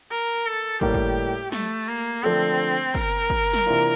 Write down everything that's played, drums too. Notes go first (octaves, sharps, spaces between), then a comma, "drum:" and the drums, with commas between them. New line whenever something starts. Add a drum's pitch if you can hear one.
A#4
A4
A2 G3 A#3 G4, drum: kick
drum: kick
A3, drum: snare
A#3
D3 F3 A3 C4 D4 A4
A#4, drum: kick
drum: kick
drum: snare
C3 E3 A#3 D4 F4